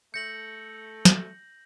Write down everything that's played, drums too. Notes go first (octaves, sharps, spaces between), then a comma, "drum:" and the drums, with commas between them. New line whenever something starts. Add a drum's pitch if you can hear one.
A3 G6 A#6 C#7 F#7
drum: snare